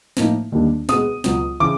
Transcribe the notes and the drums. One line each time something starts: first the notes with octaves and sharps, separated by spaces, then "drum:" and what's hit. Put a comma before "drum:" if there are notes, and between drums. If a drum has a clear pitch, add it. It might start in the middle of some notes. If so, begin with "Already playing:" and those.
A2 F3 A#3 D#4, drum: snare
D#2 D#3 G3 A#3 D4
B2 G#3 B3 D#6, drum: snare
C#2 B2 F#3 B3, drum: snare
C#3 E3 D6